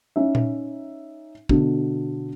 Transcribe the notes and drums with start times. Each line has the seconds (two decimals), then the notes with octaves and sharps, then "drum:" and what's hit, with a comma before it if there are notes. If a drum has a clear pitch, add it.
0.16 C#4 D#4 E5
0.35 drum: tom A#2
1.49 B2 D3, drum: kick